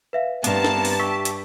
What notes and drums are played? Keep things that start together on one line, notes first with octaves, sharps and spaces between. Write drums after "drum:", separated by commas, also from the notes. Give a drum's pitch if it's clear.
B4 E5 F5
G2 B3 C4 A#4 A5, drum: hi-hat
drum: snare
drum: open hi-hat
G4 E5 C#6
drum: hi-hat